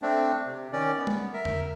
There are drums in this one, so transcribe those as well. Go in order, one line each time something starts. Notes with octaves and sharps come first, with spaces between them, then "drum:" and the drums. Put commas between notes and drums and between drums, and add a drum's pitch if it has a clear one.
A3 C4 D4
C3
D#3 C#4 D5
B3
drum: tom G3
A#4 E5
drum: tom E2